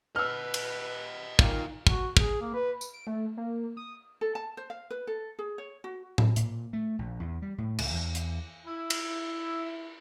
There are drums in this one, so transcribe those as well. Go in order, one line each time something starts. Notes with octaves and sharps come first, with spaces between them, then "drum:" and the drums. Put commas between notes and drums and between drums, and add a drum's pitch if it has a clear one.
B4 D#5 F#5 E6 F6
drum: cymbal
D#3 F4 A#4 F5, drum: kick
F#4, drum: kick
G#4, drum: kick
A#3
B4
drum: tambourine
D7
A3
A#3
D#6
A4
A5
C5
F5
B4
A4
G#4
C#5
F#4
drum: tom A2
A#2, drum: hi-hat
A3
A#1
E2
G3
A2
C#2, drum: cymbal
E2
drum: hi-hat
E4
drum: cymbal